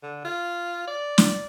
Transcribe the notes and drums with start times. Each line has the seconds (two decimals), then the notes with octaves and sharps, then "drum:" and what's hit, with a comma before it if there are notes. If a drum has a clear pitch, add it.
0.03 D3
0.25 F4
0.87 D5
1.18 drum: snare